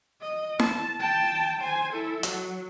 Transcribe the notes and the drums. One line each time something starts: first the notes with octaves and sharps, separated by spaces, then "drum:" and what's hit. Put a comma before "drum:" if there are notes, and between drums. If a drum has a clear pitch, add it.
D#5
A5, drum: snare
G5 A5
C5 G#5
E4 A4
F#3, drum: hi-hat